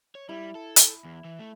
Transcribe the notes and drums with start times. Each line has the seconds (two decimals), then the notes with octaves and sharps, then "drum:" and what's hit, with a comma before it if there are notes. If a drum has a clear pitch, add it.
0.15 C#5
0.29 G3 E4
0.55 A4
0.76 drum: hi-hat
1.05 E2
1.25 E3
1.39 A3